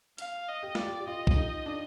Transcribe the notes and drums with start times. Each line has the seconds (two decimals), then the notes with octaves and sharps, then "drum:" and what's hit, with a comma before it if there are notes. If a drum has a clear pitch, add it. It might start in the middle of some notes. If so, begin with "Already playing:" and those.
0.18 F5, drum: hi-hat
0.49 D#5
0.63 G4
0.75 F4 D5, drum: snare
0.87 G4
1.00 G4
1.07 F4 D#5
1.27 drum: kick B1
1.36 D#4
1.66 D4